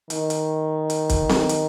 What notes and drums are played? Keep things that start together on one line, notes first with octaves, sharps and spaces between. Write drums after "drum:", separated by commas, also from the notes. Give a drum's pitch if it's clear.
D#3, drum: hi-hat
drum: hi-hat
drum: hi-hat
drum: kick, hi-hat
drum: snare C4
drum: hi-hat